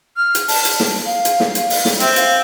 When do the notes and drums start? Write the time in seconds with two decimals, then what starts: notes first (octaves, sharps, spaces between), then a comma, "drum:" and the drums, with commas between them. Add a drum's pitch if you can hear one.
0.17 F6
0.35 drum: hi-hat
0.48 A5, drum: open hi-hat
0.65 drum: hi-hat
0.80 drum: snare
1.06 F5
1.25 drum: hi-hat
1.40 drum: snare
1.55 drum: hi-hat
1.70 drum: open hi-hat
1.85 drum: snare
2.00 C4 E5, drum: hi-hat
2.16 F5, drum: hi-hat